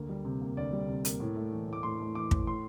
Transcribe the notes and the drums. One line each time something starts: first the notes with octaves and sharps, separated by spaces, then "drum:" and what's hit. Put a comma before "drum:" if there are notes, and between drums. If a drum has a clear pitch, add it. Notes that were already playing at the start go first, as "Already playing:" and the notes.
Already playing: D2 A#3
G3
C3
A#3
D2 D5
G3
C3
A#3, drum: hi-hat
A2
A3
E3
A2 D6
A2 C6
A3
E3 D6
A2, drum: kick
A2 C6